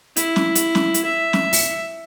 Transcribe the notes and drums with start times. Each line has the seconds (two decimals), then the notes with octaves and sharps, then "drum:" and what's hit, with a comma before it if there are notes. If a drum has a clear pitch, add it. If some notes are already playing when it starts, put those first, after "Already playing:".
0.17 E4, drum: hi-hat
0.36 drum: snare
0.55 drum: hi-hat
0.75 drum: snare
0.94 drum: hi-hat
1.05 E5
1.33 drum: snare
1.53 drum: open hi-hat